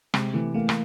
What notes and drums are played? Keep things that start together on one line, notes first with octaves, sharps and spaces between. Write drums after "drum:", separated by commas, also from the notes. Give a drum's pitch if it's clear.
C3 G#3, drum: rim click
E3 A3
A3 A#3
drum: rim click